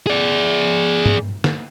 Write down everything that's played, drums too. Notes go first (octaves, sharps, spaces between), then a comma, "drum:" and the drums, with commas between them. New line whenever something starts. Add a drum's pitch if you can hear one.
G#4 D5
drum: tom
drum: snare